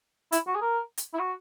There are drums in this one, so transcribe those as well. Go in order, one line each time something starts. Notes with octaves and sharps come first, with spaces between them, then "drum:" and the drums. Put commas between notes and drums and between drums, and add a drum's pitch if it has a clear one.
E4, drum: hi-hat
F#4
G#4
A#4
drum: hi-hat
E4
F#4